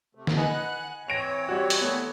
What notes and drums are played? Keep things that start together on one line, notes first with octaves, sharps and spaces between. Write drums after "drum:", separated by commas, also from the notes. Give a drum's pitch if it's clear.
C3 A3
drum: snare
B4 D#5 F#5 G#5 F#6
E3 C4 C#5 A#6 D7 F7
G3 F#4
drum: hi-hat
A3 B3